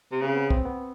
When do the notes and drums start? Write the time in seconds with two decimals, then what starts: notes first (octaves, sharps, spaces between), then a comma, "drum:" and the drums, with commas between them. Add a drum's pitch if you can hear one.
0.12 C3
0.22 C#3 B3
0.29 C4
0.36 B3
0.50 C4, drum: kick
0.65 B3